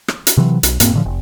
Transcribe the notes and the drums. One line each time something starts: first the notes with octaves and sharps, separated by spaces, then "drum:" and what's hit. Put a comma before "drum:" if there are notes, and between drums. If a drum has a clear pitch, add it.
drum: rim click
drum: hi-hat
C3 E3 F#3
B1, drum: hi-hat
E1 G#2 A#3 C4, drum: hi-hat
A2 D3 F3
F1